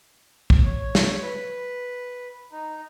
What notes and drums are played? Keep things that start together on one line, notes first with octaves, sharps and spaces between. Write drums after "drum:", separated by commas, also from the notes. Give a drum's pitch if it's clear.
drum: kick
C#5
drum: snare
B4
D#4